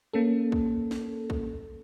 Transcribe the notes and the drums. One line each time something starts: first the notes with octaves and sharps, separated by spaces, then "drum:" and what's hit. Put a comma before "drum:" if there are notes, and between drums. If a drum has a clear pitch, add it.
A#3 C#4 A4
drum: kick
drum: snare
drum: kick